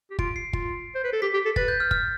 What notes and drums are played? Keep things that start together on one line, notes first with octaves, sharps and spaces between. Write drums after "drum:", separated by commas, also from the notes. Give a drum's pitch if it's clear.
G4
F4 D7, drum: kick
C7
F4, drum: kick
C5
B4
A4
G4 B6
G4
A4
B4 A6, drum: kick
G6
F6
F6, drum: kick